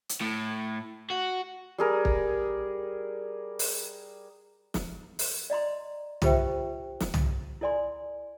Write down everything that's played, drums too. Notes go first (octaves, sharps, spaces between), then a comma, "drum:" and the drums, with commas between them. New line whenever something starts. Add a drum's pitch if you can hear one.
drum: hi-hat
A2
F#4
G3 G#4 A#4
drum: kick
drum: open hi-hat
drum: snare
drum: open hi-hat
D5 D#5 A#5 C6
F4 G4 B4 C5 E5 G5, drum: tom
drum: snare
drum: tom
E4 A4 D5 G#5 C6